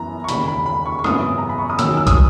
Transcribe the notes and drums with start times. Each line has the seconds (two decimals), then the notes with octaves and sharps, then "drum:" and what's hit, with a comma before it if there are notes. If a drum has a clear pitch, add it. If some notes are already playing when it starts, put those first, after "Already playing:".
Already playing: F#2 E3 B3 A#5
0.24 C#6
0.29 E1 D#2 C#3 B5, drum: hi-hat
0.48 B5
0.66 B5
0.86 C#6
0.99 C#6
1.04 G#1 F#2 C#3 E3 B3 D#6, drum: rim click
1.38 A#5
1.49 B5
1.58 C#6
1.70 D#6
1.79 E2 D#3 F#3 C#4 E6, drum: hi-hat
1.97 E6
2.07 D#6, drum: kick, hi-hat